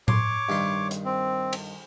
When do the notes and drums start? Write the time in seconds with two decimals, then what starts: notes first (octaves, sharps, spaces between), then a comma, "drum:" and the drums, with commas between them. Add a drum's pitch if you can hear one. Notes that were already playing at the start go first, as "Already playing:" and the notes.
0.08 C#5 C6 D6, drum: tom A2
0.49 G2 D#3 C6
0.91 drum: hi-hat
1.05 C4
1.53 drum: cymbal